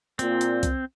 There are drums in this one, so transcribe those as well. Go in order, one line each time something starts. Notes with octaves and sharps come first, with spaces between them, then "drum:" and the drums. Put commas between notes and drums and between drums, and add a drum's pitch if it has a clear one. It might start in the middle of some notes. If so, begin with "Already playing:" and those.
A#2 C4, drum: hi-hat
drum: hi-hat
drum: kick, hi-hat